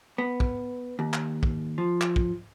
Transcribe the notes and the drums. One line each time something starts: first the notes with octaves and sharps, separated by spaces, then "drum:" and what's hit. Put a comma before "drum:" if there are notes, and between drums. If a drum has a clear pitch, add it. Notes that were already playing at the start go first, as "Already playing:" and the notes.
B3
drum: kick
D#2
drum: clap
drum: kick
F3
drum: clap
drum: kick